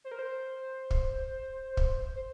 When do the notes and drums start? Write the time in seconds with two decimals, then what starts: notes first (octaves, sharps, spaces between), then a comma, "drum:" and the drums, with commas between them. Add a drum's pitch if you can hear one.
0.04 C5
0.12 A#4
0.19 C5
0.91 drum: kick
1.77 drum: kick
2.16 C5